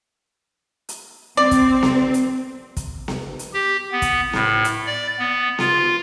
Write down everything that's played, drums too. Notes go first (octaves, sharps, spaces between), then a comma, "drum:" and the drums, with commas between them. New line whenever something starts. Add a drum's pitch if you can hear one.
drum: hi-hat
C4 D5
drum: kick, hi-hat
drum: snare B3
drum: hi-hat
drum: kick, hi-hat
drum: snare B3
drum: hi-hat
G4
B3
drum: kick, hi-hat
A2, drum: snare B3
drum: hi-hat
D5
B3
F4, drum: snare B3